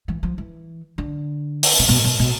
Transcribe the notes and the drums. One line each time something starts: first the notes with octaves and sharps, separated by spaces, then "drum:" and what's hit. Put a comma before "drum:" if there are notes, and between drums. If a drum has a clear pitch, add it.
E3
F3
E3
D3
drum: open hi-hat
C3
B2
B2
B2